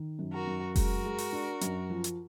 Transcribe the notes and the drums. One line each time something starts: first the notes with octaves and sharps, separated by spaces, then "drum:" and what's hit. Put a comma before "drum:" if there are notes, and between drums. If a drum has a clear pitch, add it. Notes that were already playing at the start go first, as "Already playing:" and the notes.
Already playing: D#3
F#2
F#4 A#4
F#2
G#3 F#4 A#4, drum: kick F1, open hi-hat
G#3
drum: open hi-hat
D4
F#2, drum: hi-hat
F3
drum: hi-hat